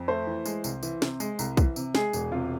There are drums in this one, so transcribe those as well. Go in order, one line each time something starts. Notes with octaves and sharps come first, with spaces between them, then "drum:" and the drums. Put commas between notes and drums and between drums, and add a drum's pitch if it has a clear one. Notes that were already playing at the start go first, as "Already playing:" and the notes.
Already playing: F2
A3 C5
E3
G#3, drum: tambourine
C2, drum: tambourine
E3, drum: tambourine
C3, drum: snare
G#3, drum: tambourine
C2, drum: tambourine
E3, drum: kick, tambourine
C3, drum: tambourine
G#3 G#4, drum: snare
E1, drum: tambourine
C3 F4